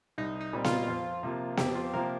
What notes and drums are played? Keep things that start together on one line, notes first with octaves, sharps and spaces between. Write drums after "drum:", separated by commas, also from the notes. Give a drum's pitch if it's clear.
C2 D#4
D#4
A#2 G3 C4
F4, drum: snare B3
F2
C3 F3 A#3
F2 G4, drum: snare B3
F4
C3 F3 A#3 A#4